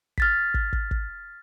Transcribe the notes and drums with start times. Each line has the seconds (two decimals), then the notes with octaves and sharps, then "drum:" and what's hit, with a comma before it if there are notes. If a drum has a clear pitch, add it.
0.18 F6 A6 B6, drum: kick
0.54 drum: kick
0.73 drum: kick
0.91 drum: kick